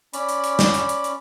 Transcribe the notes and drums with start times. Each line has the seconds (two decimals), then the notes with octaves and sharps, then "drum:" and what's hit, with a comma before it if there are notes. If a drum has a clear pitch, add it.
0.13 C#4 D5 B5, drum: hi-hat
0.29 drum: hi-hat
0.44 drum: hi-hat
0.59 drum: snare
0.74 drum: hi-hat
0.89 drum: hi-hat
1.04 drum: hi-hat